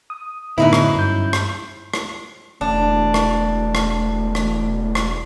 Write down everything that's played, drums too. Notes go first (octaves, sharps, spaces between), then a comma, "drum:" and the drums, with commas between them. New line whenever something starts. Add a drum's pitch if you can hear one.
D#6
F#2 A2 D3 B3 D#4 E4
drum: rim click
G2 G6
drum: rim click
drum: rim click
E1 A3 D4
drum: rim click
drum: rim click
drum: rim click
drum: rim click